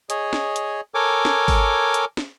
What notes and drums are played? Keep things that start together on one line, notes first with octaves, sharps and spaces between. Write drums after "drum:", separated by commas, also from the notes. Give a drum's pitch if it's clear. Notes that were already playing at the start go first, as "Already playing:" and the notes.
G#4 C#5 D#5, drum: hi-hat
drum: snare
drum: hi-hat
A4 A#4 C#5 G#5 D6
drum: snare
drum: kick G#1, open hi-hat
drum: hi-hat
drum: snare